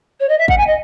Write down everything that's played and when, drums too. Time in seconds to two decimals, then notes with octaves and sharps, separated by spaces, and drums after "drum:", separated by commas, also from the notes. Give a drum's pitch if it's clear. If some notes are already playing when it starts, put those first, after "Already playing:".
0.20 C#5
0.29 D#5
0.38 E5
0.48 F#5, drum: kick
0.57 G#5
0.67 D#5